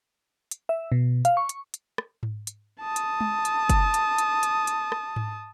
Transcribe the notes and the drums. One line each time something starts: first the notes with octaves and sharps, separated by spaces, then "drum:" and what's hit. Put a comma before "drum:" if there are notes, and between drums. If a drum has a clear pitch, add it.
drum: hi-hat
E5
B2
F5, drum: hi-hat
C#6
drum: hi-hat
drum: hi-hat
drum: rim click
drum: tom G#2
drum: hi-hat
A5 D#6
drum: hi-hat
drum: tom G#3
drum: hi-hat
drum: kick F#1, hi-hat
drum: hi-hat
drum: hi-hat
drum: hi-hat
drum: hi-hat
drum: rim click
drum: tom G#2